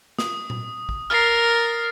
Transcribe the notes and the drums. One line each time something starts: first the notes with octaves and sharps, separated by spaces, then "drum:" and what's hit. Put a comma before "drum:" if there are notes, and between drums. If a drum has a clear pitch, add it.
D#6, drum: snare
drum: tom A#2
drum: kick
A#4 F6 A6 C7